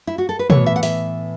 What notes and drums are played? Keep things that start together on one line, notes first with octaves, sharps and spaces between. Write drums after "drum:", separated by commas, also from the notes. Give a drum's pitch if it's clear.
E4
F#4
A4
B4
A2 E3 B3 C#5, drum: tom
E5
F#5
E5, drum: open hi-hat